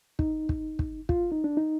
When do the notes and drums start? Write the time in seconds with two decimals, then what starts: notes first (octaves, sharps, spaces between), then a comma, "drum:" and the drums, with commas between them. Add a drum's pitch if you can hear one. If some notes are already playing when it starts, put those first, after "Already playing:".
0.19 D#4, drum: kick
0.49 drum: kick
0.79 drum: kick
1.09 F4, drum: kick
1.32 D#4
1.44 D4
1.57 D#4